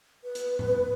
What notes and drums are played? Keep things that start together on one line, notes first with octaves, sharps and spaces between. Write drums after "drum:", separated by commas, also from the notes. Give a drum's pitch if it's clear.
B4
drum: hi-hat
drum: tom G#2